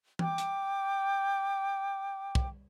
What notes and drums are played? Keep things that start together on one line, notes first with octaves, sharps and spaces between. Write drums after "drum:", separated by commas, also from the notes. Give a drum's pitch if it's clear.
G5 D6, drum: tom E3
drum: hi-hat
drum: kick